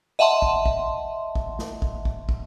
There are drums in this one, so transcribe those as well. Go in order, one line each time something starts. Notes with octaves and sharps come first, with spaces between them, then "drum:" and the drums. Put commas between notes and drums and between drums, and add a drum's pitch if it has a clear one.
D#5 E5 F#5 A5 C6
drum: kick
drum: kick
drum: kick
drum: snare
drum: kick
drum: kick
drum: kick